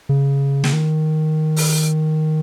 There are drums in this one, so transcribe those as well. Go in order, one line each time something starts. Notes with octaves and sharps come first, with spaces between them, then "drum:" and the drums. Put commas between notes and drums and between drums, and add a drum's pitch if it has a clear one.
C#3
drum: snare
D#3
drum: open hi-hat